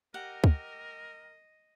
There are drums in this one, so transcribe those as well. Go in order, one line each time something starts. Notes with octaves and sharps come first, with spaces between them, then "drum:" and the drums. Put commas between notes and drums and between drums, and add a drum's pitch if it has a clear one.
G4 A#4 D#5 F#5
drum: kick